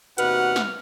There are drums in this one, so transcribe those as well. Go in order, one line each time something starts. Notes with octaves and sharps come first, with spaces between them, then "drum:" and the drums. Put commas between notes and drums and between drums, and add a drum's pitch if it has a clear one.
E2 C3 A#3 D#4 F#4 B4 F#5 F6, drum: hi-hat
drum: snare